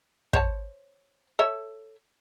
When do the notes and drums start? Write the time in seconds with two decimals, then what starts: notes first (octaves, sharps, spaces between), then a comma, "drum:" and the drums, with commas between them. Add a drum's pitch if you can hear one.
0.33 C5 C#5 A5, drum: kick
1.39 A4 C#5 E5